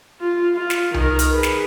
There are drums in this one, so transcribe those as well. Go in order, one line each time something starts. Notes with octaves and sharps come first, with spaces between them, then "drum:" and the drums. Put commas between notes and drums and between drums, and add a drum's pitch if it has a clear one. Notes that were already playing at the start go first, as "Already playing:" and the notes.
F4
F4
drum: snare
D#3 A#4, drum: tom C2
drum: hi-hat
G#4 B4
drum: snare